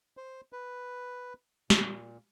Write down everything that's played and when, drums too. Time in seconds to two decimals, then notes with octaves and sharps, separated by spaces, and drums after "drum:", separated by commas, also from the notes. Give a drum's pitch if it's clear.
0.17 C5
0.53 B4
1.70 A#2, drum: snare